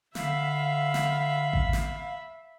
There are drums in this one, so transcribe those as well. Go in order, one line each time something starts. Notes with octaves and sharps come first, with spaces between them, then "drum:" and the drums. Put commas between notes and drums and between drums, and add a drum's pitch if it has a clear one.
D3 E5 F5 B5, drum: snare
drum: snare
drum: kick A1
drum: snare